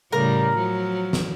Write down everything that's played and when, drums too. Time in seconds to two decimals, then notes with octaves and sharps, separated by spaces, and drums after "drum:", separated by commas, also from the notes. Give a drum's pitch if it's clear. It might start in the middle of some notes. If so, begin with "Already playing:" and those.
0.12 A2 C#3 G3 A#4
0.54 F3 F#3
1.13 drum: snare